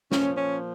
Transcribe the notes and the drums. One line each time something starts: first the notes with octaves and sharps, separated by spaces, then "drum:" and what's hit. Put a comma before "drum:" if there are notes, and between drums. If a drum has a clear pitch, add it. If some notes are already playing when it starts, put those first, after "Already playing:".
A#2 F3 C#4, drum: snare
C#4